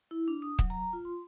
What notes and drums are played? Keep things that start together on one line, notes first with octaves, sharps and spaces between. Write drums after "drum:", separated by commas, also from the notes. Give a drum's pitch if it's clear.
E4
D4
D#6
F#3, drum: kick
A#5
F4
C6